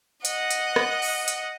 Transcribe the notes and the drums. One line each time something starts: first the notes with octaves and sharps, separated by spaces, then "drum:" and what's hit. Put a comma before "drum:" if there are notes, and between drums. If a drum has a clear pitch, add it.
D#5 F#5, drum: hi-hat
drum: hi-hat
drum: rim click
drum: open hi-hat
drum: hi-hat